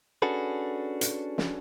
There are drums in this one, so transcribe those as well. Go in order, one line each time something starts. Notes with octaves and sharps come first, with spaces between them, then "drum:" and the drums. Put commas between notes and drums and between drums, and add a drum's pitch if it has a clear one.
C#4 D4 F#4 G#4 A4 B4
drum: hi-hat
drum: snare